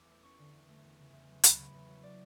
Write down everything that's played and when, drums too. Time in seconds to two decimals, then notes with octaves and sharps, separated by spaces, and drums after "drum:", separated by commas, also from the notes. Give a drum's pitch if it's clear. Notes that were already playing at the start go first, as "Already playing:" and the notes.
Already playing: E2 D6 E6
0.09 A3
0.23 C#4 C#6
0.39 D3
0.53 E2
0.68 A3
0.83 E2
0.99 C#3
1.13 E2
1.29 F#3
1.43 E2 B5, drum: hi-hat
1.58 C#3
1.74 E2
1.89 F#3
2.03 D5